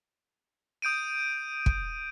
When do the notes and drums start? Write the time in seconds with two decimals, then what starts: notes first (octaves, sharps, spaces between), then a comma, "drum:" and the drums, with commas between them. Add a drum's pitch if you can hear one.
0.82 D#6 G6 D7 D#7
1.66 drum: kick